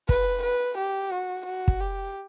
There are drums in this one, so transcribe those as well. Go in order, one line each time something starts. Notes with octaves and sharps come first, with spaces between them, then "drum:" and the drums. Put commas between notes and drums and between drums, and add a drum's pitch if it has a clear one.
B4, drum: kick
B4
G4
F#4
F#4
drum: kick
G4